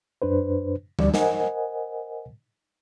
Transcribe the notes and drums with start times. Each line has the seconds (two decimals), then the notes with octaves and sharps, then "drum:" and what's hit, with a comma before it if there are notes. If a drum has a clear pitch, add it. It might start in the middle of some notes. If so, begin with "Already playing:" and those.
0.22 F#2 D4 B4 C5
0.99 D2 G3 D5, drum: tom E3
1.14 A#4 C5 D#5 F#5 G#5, drum: snare